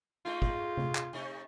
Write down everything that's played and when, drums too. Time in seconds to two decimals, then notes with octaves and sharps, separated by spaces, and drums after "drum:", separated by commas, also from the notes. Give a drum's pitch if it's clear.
0.25 G#3 A3 D#4 F4
0.42 drum: kick
0.77 drum: tom C3
0.95 drum: clap
1.13 C3 A3 D#4